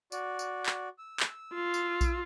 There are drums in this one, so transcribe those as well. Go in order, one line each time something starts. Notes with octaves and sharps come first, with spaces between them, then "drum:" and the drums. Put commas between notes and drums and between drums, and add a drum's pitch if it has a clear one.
F#4 D5, drum: tambourine
drum: tambourine
drum: clap
E6
drum: clap
F4
drum: tambourine
drum: kick A#1, tambourine